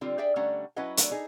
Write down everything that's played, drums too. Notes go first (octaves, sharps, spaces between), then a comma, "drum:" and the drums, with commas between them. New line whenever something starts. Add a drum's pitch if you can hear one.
D3 G3 C4 F4
G#4 D5 E5 G5
D3 G3 A3 C#4 F#5 A#5
F#3 C#4 E4 B4 D#5 F#5
F#3 A3 D4, drum: hi-hat
D#4 G#4 A4